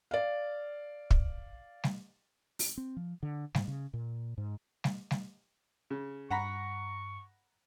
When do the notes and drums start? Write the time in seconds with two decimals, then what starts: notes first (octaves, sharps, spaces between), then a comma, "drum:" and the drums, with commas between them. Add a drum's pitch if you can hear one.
0.11 D5 F5
1.11 drum: kick
1.84 drum: snare
2.59 drum: open hi-hat
2.77 C4
2.97 F3
3.23 D3
3.55 G#2, drum: snare
3.68 C#3
3.93 A#2
4.38 G#2
4.84 drum: snare
5.11 drum: snare
5.90 C#3
6.31 G2 F#5 A#5 B5 C#6